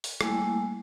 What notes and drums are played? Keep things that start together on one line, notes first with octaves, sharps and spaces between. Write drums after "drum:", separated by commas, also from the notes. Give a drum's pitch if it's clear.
drum: open hi-hat
G3 A3 A#3 E4 G#5, drum: rim click